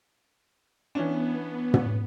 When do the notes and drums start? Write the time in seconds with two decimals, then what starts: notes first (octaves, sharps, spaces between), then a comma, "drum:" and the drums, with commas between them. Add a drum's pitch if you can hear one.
0.95 E3 B3 C#4 D4
1.74 drum: tom